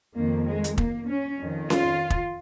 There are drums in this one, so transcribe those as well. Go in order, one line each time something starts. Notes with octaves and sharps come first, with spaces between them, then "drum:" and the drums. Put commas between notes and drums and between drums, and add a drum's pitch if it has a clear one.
F2 D#3 A#3
G#3
drum: hi-hat
A#3, drum: kick
C#4
F2 D#3
F4, drum: snare C#4
drum: kick